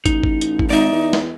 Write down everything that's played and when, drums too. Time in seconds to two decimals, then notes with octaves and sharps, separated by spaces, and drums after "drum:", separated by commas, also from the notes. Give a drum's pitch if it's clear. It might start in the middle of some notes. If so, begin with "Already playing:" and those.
0.06 A1 D#4, drum: kick, hi-hat
0.24 drum: kick
0.41 drum: hi-hat
0.59 drum: kick
0.70 G#1 D#4 D5 E5
0.92 E2
1.13 drum: snare